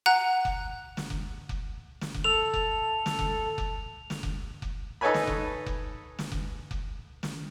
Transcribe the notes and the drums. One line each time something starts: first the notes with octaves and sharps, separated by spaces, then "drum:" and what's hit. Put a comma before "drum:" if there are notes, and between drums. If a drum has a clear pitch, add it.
F#5 A#5 F#6
drum: kick F1
drum: snare
drum: kick F1
drum: kick F1
drum: snare
drum: kick F1
A4 F7
drum: kick F1
drum: snare
drum: kick F1
drum: kick F1
drum: snare
drum: kick F1
drum: kick F1
D#4 A4 B4 C#5 G#5 B5
drum: snare
drum: kick F1
drum: kick F1
drum: snare
drum: kick F1
drum: kick F1
drum: snare